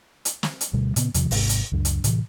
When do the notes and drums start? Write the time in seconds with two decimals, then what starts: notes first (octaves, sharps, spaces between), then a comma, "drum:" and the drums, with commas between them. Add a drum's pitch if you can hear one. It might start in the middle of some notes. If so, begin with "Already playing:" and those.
0.25 drum: hi-hat
0.43 drum: snare
0.61 drum: hi-hat
0.73 D2 B2 G3
0.96 A#2 C#3 B3, drum: hi-hat
1.14 E2 C3 D#3 F3, drum: hi-hat
1.31 G#1 G#2 C3, drum: open hi-hat
1.49 drum: hi-hat
1.72 C#2 F#2 D4
1.85 drum: hi-hat
2.04 A2 C3 E3, drum: hi-hat